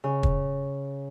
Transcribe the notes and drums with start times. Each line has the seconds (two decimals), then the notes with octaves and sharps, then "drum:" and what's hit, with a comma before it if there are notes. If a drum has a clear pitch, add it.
0.04 C#3
0.23 drum: kick